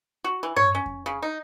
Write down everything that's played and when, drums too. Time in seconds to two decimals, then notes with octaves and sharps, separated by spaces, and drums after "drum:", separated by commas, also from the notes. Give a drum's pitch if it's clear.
0.24 F#4
0.43 E3
0.56 C#5, drum: tom G2
0.75 C#4
0.86 drum: kick F2
1.06 C#3
1.22 D#4